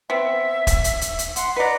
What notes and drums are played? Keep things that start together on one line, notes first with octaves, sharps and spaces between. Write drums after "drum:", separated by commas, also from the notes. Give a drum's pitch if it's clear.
B3 C4 E5
drum: kick, hi-hat
drum: hi-hat
drum: hi-hat
drum: hi-hat
F#5 C6, drum: hi-hat
B4 D5 D#5 F#5 A#5